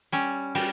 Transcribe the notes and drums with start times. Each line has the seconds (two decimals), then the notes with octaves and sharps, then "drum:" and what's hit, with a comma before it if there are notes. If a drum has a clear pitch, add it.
0.12 G3 C#4
0.55 G3, drum: open hi-hat